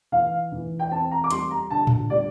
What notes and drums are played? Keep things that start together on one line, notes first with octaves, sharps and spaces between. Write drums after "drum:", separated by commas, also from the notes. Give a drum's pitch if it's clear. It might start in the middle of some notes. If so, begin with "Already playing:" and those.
E3 F5
E3
G5
C4 A5
A#5
D6
G3 C6, drum: hi-hat
A#5
D3 A5
drum: tom A2
G3 D5